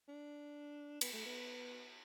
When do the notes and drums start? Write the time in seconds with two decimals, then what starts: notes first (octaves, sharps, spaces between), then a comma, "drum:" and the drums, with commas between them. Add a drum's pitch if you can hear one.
0.08 D4
1.01 B3, drum: cymbal
1.13 A3
1.25 B3